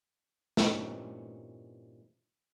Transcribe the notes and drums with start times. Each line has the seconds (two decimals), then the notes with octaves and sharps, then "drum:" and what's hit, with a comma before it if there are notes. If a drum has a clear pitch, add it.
0.57 G2 A#2 E3 C4 C#4 D#4, drum: snare